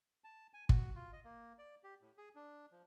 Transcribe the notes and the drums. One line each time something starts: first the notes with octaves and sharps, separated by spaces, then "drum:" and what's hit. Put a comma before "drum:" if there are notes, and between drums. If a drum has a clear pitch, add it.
A5
G#5
F#4, drum: kick
F4
D#5
A#3
D5
G4
A2
G#4
D4
F3